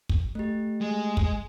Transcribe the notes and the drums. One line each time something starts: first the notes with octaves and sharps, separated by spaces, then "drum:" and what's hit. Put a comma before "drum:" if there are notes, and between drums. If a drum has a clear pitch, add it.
drum: kick
A3 G4
G#3
drum: kick